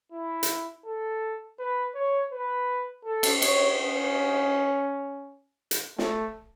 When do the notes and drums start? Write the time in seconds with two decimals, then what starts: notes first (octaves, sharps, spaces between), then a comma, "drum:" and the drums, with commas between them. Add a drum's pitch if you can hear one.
0.12 E4
0.43 drum: hi-hat
0.85 A4
1.59 B4
1.95 C#5
2.32 B4
3.05 A4
3.23 drum: cymbal
3.42 C#5, drum: cymbal
3.78 C#4
5.71 drum: hi-hat
5.98 A3, drum: snare